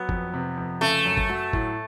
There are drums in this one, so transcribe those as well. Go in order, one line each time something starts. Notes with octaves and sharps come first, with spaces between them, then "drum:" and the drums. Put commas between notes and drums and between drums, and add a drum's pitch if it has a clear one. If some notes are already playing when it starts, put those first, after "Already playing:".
Already playing: F#3 B3
F2, drum: kick G1
C3
F2
C#3 A3
F#2
drum: kick G1
F#3
A2, drum: kick G1